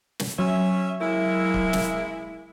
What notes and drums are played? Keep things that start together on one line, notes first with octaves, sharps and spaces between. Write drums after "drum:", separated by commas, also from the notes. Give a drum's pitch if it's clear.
drum: snare
F#3 C#4 E5
G#3 A#3 E4
drum: kick
drum: snare